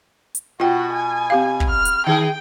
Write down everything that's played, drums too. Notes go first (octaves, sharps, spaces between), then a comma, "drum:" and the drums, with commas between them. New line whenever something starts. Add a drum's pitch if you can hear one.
drum: hi-hat
B2 F4 F#4 G5
G#5
C4 G4 F5
drum: kick
F6
drum: hi-hat
D#3 G#4 G5